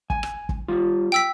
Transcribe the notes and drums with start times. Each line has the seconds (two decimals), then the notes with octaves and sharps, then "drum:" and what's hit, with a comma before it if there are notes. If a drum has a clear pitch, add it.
0.10 G#5, drum: kick
0.23 drum: rim click
0.49 drum: kick
0.68 G3 F4
1.12 G5 E6 B6